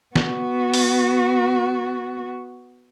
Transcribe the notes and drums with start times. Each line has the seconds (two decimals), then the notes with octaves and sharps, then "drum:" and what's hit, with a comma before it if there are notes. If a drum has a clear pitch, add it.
0.16 B3 F#4, drum: snare
0.74 drum: open hi-hat